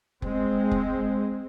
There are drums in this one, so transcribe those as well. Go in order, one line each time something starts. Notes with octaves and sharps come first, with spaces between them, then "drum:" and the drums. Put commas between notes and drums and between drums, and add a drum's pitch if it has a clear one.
G#3 C4, drum: kick F1
drum: kick F1